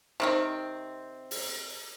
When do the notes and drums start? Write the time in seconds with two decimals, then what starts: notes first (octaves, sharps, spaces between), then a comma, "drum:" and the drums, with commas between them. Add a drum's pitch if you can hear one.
0.20 C3 D#3 C4
1.31 drum: open hi-hat